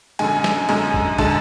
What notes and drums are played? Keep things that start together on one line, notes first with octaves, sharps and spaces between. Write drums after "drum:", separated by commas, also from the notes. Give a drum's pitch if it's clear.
F#2 D3 G#3 G#5, drum: cymbal
drum: snare
F#2 D3 G#3, drum: cymbal
drum: kick
D3 G#3 A5, drum: kick, cymbal